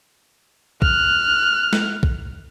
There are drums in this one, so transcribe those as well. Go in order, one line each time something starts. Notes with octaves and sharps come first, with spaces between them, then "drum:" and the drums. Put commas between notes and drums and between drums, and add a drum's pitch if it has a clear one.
F6 F#6, drum: kick B1
drum: snare
drum: kick B1